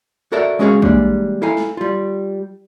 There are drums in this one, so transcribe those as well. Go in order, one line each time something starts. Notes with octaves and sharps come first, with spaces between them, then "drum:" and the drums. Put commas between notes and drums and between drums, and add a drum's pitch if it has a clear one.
F#4 A4 A#4 C#5 D5 E5
G#3 C#4 F#4 G#4 C#5 F5
E3 G3 G#3 A#3 D4, drum: kick
E4 A4 F5 G#5 A#5
drum: snare
G3 F4